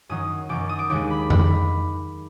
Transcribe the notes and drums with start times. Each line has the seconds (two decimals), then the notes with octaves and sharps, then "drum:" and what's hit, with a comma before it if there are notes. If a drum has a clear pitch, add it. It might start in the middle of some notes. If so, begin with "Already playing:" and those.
0.09 F#2 D#3 F#3 D#6
0.49 F#2 D#3 F#3 D6
0.69 D#6
0.79 D6
0.90 D#2 D#3 G#3 D6
1.10 B5
1.30 D#3 B5, drum: tom F2